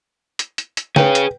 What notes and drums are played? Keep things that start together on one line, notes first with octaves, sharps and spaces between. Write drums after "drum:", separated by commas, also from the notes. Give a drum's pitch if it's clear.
drum: hi-hat
drum: hi-hat
drum: hi-hat
G#4 B4 C#5 G5, drum: snare
drum: hi-hat